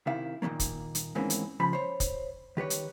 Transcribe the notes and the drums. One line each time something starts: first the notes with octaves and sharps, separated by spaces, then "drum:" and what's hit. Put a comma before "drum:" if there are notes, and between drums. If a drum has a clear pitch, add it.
C3 D#3 E4 F5
A#2 D#3 F3 A3 A#3
drum: kick, hi-hat
drum: hi-hat
G#2 D#3 E3 A#3 C4 C#4
drum: hi-hat
C#3 F3 B5
C5 C#5
drum: kick, hi-hat
D#3 G4 B4 C#5
drum: hi-hat